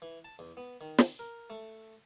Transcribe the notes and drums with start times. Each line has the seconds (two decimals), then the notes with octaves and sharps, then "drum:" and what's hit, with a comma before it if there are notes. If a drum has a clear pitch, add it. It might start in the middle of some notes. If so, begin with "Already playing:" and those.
0.02 E3
0.24 A5
0.39 E2
0.57 B3
0.81 D#3
0.98 drum: snare
1.19 A#4
1.50 A3